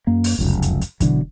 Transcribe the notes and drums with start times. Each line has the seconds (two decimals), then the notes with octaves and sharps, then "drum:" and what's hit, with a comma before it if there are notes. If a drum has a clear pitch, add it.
0.07 F#2 A#3
0.24 drum: open hi-hat
0.39 F1 C#2 F#2
0.62 drum: hi-hat
0.81 drum: hi-hat
1.00 B2 D3 E3 F#3, drum: kick, hi-hat